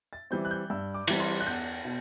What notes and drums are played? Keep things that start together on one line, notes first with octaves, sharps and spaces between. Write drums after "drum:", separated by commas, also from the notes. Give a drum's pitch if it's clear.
A6
E3 G3 C4 G6
F#6
G6
G2 E6
D6
E3 G3 C4, drum: cymbal
C6
F#6
E2 G6
B2